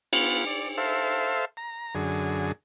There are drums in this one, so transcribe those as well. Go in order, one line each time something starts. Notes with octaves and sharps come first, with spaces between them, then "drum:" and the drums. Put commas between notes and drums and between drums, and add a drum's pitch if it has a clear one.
B3 F4, drum: cymbal
D5
A4 C5 E5 F5
A#5
F#2 D3 G#4